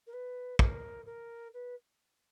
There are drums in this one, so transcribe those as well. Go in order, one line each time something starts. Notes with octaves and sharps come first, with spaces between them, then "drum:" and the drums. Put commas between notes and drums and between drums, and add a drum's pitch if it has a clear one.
A#4
B4
A#4, drum: kick
A#4
B4